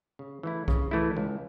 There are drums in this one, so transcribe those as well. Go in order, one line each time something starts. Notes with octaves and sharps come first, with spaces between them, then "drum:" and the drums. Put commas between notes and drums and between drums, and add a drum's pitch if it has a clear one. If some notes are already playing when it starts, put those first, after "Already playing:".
C#3
E3 A3 E4
C#3, drum: kick C2
E3 A3 E4
C#2